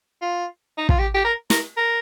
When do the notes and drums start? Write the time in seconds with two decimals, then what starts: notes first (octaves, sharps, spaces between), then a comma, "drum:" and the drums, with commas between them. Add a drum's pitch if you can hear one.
0.22 F4
0.78 D#4
0.89 F4, drum: kick
0.98 G4
1.14 G4
1.25 A#4
1.50 A#4, drum: snare
1.77 A#4